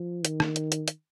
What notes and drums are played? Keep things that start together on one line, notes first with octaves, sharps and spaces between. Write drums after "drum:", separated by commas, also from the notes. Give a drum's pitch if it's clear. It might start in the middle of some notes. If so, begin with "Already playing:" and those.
Already playing: F3
D#3, drum: hi-hat
drum: rim click
drum: hi-hat
drum: hi-hat
drum: hi-hat